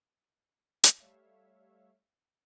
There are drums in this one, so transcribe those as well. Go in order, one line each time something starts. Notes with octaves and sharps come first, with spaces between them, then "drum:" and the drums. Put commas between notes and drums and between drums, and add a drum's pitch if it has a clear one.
drum: hi-hat
G3 A3 C#5 E5 F5